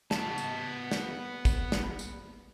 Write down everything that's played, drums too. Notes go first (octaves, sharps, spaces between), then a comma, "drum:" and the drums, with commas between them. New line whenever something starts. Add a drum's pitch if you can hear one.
B3 A5, drum: snare
drum: tambourine
drum: snare
drum: kick, tambourine
drum: snare
drum: tambourine